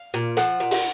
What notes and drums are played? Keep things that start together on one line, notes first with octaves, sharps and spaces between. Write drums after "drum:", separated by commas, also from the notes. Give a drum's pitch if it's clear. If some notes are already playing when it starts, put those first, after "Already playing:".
Already playing: F5
A#2
F3 F#5, drum: hi-hat
A#2
drum: open hi-hat